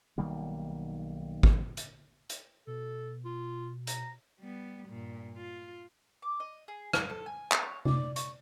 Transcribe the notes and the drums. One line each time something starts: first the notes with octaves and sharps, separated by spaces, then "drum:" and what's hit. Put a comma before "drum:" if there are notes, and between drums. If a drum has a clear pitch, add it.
B1 D#3 G3 A#3
drum: kick
drum: hi-hat
drum: hi-hat
B2 A4
F4
A#5, drum: hi-hat
G3 B3
G2 A#2
F4
D6
D#5
G#4
F5, drum: rim click
A4
G#5
drum: clap
C#5
D5, drum: tom C3
C#6, drum: hi-hat